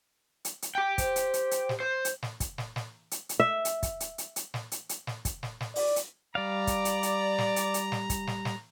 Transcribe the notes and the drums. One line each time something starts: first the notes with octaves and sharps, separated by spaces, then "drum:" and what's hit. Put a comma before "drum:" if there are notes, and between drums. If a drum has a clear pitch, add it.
drum: hi-hat
drum: hi-hat
G4 G5
C5, drum: kick, hi-hat
drum: hi-hat
drum: hi-hat
drum: hi-hat
drum: snare
C5
drum: hi-hat
drum: snare
drum: kick, hi-hat
drum: snare
drum: snare
drum: hi-hat
drum: hi-hat
E5
drum: hi-hat
drum: kick, hi-hat
drum: hi-hat
drum: hi-hat
drum: hi-hat
drum: snare
drum: hi-hat
drum: hi-hat
drum: snare
drum: kick, hi-hat
drum: snare
drum: snare
D5, drum: open hi-hat
drum: hi-hat
G3 D5 F5 A#5
drum: kick, hi-hat
drum: hi-hat
drum: hi-hat
drum: snare
drum: hi-hat
drum: hi-hat
drum: snare
drum: kick, hi-hat
drum: snare
drum: snare